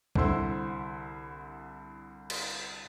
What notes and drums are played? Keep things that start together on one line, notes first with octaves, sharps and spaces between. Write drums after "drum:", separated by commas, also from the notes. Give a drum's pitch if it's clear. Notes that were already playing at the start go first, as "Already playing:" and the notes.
C2 D3 E4 C5 C6 E6, drum: kick
drum: cymbal